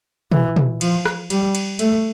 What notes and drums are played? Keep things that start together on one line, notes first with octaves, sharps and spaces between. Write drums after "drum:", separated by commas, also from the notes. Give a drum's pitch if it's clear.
E3, drum: tom
drum: tom
F3, drum: cymbal
drum: rim click
G3, drum: cymbal
drum: cymbal
A3, drum: cymbal